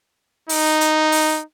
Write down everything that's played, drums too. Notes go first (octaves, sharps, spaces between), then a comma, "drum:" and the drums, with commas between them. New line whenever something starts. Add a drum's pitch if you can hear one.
D#4, drum: open hi-hat
drum: hi-hat
drum: open hi-hat